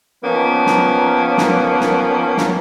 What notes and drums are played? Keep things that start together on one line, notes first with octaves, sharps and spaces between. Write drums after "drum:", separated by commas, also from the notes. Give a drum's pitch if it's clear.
D#3 F3 A#3 B3 C#4
drum: snare
drum: snare
drum: snare
drum: snare